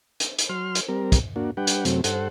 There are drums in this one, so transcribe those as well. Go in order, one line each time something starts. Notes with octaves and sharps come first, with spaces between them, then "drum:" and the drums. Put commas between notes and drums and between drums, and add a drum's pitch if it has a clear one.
drum: hi-hat
drum: hi-hat
F#3 C6 F6
drum: hi-hat
G3 C4 A#4
drum: kick, hi-hat
A#3 D4 F#4
G3 D4 B4 F#5 G5
drum: hi-hat
F#2 C3 F#3 A3 C4, drum: hi-hat
G2 A4 C5 F#5, drum: hi-hat